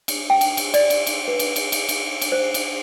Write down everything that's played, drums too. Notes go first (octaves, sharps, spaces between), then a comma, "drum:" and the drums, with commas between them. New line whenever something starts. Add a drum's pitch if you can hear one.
drum: cymbal
G5
drum: cymbal
drum: cymbal
D5, drum: cymbal
drum: cymbal
drum: cymbal
B4
drum: cymbal
drum: cymbal
drum: cymbal
drum: cymbal
drum: cymbal
C5
drum: cymbal